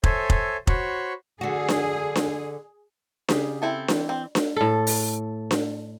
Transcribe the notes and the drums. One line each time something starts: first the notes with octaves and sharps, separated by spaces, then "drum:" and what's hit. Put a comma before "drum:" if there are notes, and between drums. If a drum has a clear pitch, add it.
A4 C5 C#5 E5 G#5, drum: kick F1
drum: kick F1
F#4 C5 C#5 B5 C#6, drum: kick F1
D3 F#4 G#4
drum: snare D4
drum: snare D4
C#3 G4 G#4, drum: snare D4
C4 E4 A4
E3, drum: snare D4
C4
drum: snare D4
A2 A4
drum: open hi-hat
drum: snare D4